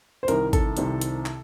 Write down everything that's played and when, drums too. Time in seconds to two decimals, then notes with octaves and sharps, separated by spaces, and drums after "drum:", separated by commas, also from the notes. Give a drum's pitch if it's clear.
0.23 C5
0.28 C2 C3 D#3 A#4, drum: hi-hat
0.53 A4, drum: kick G#1, hi-hat
0.77 C2 C3 D#3, drum: hi-hat
1.01 drum: hi-hat
1.26 drum: clap